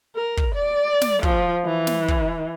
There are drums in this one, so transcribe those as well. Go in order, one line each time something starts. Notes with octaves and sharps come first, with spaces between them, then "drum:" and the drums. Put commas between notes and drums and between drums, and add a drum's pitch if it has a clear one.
A#4
drum: kick
D5
drum: snare
F3, drum: kick
E3
drum: snare
drum: kick